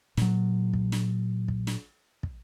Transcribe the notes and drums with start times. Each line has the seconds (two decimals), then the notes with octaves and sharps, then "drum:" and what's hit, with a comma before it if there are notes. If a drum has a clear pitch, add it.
0.17 A#2 F#3, drum: snare
0.73 drum: kick
0.92 drum: snare
1.48 drum: kick
1.67 drum: snare
2.23 drum: kick